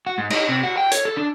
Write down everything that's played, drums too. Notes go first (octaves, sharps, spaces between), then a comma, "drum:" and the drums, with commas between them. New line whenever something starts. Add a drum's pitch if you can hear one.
F#4
G#2
D#4, drum: cymbal
C3
F#4
G5
C#5, drum: hi-hat
A4
D4